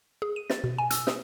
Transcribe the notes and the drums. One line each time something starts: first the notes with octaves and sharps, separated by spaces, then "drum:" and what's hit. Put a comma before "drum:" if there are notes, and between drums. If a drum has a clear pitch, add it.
G#4
D#7
A6, drum: snare
B2
G#5
E6, drum: hi-hat
D#6, drum: snare